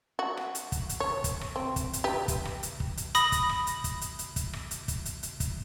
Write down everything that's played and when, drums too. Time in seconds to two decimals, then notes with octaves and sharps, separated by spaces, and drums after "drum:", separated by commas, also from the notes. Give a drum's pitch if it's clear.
0.19 F#4
0.37 drum: rim click
0.55 drum: hi-hat
0.72 drum: kick, hi-hat
0.89 drum: hi-hat
1.00 C#5
1.24 drum: kick, hi-hat
1.41 drum: rim click
1.56 C4
1.76 drum: kick, hi-hat
1.93 drum: hi-hat
2.04 G4 B4
2.28 drum: kick, hi-hat
2.45 drum: rim click
2.63 drum: hi-hat
2.80 drum: kick
2.97 drum: hi-hat
3.15 B5 D#6 A#6, drum: hi-hat
3.32 drum: kick, hi-hat
3.49 drum: rim click
3.67 drum: hi-hat
3.84 drum: kick, hi-hat
4.01 drum: hi-hat
4.19 drum: hi-hat
4.36 drum: kick, hi-hat
4.53 drum: rim click
4.71 drum: hi-hat
4.88 drum: kick, hi-hat
5.05 drum: hi-hat
5.23 drum: hi-hat
5.40 drum: kick, hi-hat